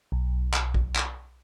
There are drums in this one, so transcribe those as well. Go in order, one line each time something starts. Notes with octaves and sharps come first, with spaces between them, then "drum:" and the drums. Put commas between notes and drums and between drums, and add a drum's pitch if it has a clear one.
B1
drum: clap
drum: kick A1
drum: clap